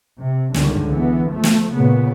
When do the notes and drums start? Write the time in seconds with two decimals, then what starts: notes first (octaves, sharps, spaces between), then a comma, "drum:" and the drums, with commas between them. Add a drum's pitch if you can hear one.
0.19 C3
0.54 C#2 D3 D#3 G3, drum: snare
0.77 drum: kick
0.89 E3 B3
1.31 F3 A3
1.44 drum: snare
1.74 A#2 C#3 B3